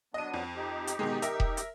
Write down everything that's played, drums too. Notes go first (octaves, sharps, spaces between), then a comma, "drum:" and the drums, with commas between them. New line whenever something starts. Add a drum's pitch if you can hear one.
F#3 B3 D4 D#5 D#7
F2
D#4 G4
drum: hi-hat
B2 D#3 G#3
A#4 E5, drum: hi-hat
drum: kick E1
drum: hi-hat